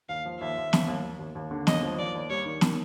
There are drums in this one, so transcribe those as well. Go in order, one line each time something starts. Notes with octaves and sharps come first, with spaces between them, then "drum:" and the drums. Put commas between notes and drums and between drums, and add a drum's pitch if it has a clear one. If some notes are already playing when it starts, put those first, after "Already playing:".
D#2 F5
F3
D#2 E5
D#2
D#2, drum: snare
D#2
D#2
D#2
D#2
D3
D#2 D#5, drum: snare
F3
D#2 D5
D#2
G3 C#5
D#3
D#3, drum: snare